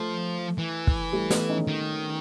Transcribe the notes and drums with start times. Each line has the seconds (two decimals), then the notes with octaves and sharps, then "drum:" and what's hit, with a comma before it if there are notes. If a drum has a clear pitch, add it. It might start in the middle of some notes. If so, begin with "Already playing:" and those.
Already playing: F3 A3
0.58 E3
0.87 drum: kick
1.13 G3 A3
1.30 A3 B3, drum: snare
1.49 C#4 D#4
1.67 D#3